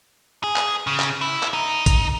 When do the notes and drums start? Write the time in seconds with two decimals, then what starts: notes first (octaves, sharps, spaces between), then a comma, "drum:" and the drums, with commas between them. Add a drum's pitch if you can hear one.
0.44 G#4
0.56 drum: clap
0.87 C#3
1.00 drum: clap
1.21 E4
1.43 drum: clap
1.53 D#4
1.86 drum: kick A#1, hi-hat